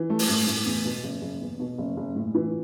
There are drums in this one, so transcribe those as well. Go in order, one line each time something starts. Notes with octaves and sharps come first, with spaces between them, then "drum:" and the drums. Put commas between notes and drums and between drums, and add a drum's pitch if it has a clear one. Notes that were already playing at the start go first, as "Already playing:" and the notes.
Already playing: E3
A3
drum: open hi-hat
A2
A2
E2
B2
F#1
F#1
E2
B2
F#1
F#1
A2
E3